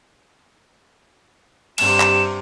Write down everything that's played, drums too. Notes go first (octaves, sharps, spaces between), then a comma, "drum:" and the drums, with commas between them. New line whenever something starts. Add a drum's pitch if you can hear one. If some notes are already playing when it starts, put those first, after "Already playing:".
G2 C3 E7, drum: cymbal
drum: clap